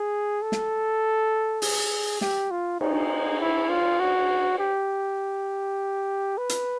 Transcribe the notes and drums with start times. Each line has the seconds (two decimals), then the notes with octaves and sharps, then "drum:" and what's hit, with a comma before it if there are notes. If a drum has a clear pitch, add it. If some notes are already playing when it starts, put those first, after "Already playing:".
Already playing: G#4
0.43 A4
0.52 drum: snare
1.62 G#4, drum: open hi-hat
2.21 G4, drum: snare
2.51 F4
2.81 D#4, drum: cymbal
3.40 E4
3.70 F4
4.00 F#4
4.59 G4
6.38 B4
6.49 drum: hi-hat